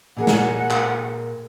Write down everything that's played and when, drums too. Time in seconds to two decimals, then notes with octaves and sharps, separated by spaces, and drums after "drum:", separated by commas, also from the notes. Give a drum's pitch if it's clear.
0.17 A#2 G#4 A#4 F#5
0.27 drum: snare
0.70 drum: clap